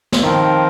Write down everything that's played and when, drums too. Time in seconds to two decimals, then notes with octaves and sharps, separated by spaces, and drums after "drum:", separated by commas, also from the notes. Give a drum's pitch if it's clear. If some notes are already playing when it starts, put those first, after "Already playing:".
0.12 drum: snare
0.23 D#3 F3 C4 F4 A#4